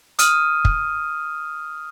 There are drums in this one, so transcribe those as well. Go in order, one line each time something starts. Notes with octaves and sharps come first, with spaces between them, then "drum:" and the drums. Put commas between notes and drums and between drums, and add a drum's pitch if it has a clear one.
D#6 F6 D#7, drum: hi-hat
drum: kick